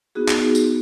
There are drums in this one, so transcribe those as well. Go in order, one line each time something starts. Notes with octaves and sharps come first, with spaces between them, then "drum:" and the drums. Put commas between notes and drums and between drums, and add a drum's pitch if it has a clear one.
B3 D#4 F#4 G#4
drum: clap
drum: tambourine